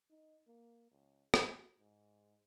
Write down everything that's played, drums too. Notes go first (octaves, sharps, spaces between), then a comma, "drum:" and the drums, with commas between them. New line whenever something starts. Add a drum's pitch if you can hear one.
D#4
A#3
C#2
F#4, drum: rim click
G#2